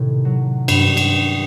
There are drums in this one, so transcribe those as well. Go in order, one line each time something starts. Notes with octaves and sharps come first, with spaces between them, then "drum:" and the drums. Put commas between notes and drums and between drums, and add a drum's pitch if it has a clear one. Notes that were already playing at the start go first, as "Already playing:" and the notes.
Already playing: A2 C3 D#3
F#3
G2, drum: cymbal
drum: cymbal